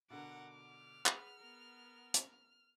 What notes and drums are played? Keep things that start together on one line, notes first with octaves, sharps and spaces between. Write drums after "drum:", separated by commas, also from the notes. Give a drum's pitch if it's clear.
B2 D3 A#4 F#5 D6
F6
G#4 B4 F#5, drum: clap
B3 A#4
drum: hi-hat